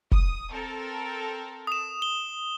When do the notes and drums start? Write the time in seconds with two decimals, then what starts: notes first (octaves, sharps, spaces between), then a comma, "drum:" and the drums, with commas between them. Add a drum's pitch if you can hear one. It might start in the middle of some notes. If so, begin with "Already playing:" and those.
0.12 D#6, drum: kick
0.51 C4 A4 A#4
1.67 D#6 E7
2.02 G7